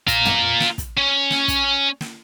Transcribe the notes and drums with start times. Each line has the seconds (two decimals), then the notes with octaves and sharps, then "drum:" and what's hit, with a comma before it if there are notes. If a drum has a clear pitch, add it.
0.08 F4 A#5, drum: kick, hi-hat
0.25 drum: tom
0.60 drum: snare
0.78 drum: kick, hi-hat
0.97 C#4
1.31 drum: snare
1.48 drum: kick, hi-hat
2.01 drum: snare